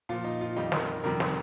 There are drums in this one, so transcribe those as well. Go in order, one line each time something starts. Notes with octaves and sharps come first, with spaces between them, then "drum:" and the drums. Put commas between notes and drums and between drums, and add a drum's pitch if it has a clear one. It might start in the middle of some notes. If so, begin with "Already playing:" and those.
A#2 F3 F4
D#4
F4
F2 D#3 G3 D#4
A#4, drum: snare
F2 C3 D#3 G3 A#4
drum: snare